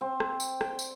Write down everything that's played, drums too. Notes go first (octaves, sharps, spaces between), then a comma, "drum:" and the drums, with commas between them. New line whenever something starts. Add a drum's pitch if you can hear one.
C4
drum: rim click
drum: tambourine
G5, drum: rim click
drum: tambourine